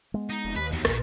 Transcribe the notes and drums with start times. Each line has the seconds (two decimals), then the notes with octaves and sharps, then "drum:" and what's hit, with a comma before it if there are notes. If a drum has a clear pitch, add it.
0.14 G#3 B3
0.30 D#4
0.45 F1
0.56 D#2 B4
0.72 E2 F#3 B3
0.85 A#1 A#2, drum: rim click